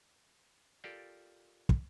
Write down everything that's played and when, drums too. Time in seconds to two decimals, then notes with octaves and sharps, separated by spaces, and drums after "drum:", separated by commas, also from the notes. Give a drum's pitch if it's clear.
0.84 F4 G4 A4 A#4 D5
1.69 drum: kick